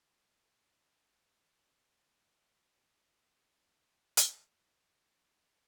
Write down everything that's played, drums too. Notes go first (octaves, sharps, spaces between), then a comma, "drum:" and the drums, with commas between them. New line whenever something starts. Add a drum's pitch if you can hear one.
F3 C#4
F5 D#6 F#6 C#7
drum: hi-hat
C4 C#5